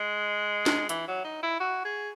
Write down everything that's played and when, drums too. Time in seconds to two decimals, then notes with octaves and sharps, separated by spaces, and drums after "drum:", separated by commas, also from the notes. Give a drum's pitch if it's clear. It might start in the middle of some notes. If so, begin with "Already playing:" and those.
Already playing: G#3
0.66 drum: snare
0.89 E3, drum: hi-hat
1.07 F#3
1.24 D#4
1.43 E4
1.60 F#4
1.85 G#4